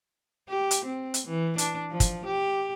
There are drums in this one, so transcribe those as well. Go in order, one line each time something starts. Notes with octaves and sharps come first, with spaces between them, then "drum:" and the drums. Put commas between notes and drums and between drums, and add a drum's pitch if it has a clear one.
G4
drum: hi-hat
C4
drum: hi-hat
E3
D4, drum: hi-hat
F3
drum: kick, hi-hat
G4